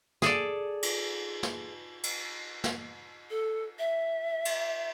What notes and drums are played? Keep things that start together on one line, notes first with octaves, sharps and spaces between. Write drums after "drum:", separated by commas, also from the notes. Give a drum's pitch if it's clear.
G#4 A4 D5, drum: snare
drum: cymbal
drum: snare
drum: cymbal
drum: snare
A4
E5
drum: cymbal